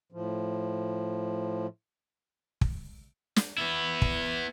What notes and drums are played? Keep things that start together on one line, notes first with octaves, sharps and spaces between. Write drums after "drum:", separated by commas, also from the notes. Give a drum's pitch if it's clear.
A2 F3
drum: kick
drum: snare
B3 E4
drum: kick